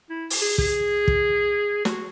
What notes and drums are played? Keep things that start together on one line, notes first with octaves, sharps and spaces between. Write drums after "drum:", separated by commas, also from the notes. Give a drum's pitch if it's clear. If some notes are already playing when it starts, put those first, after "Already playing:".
E4
drum: open hi-hat
G#4
G#4, drum: kick
drum: kick
F#4, drum: snare